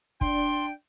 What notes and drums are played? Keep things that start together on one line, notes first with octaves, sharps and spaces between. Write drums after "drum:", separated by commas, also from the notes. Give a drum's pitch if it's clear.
D4 G5 C6, drum: kick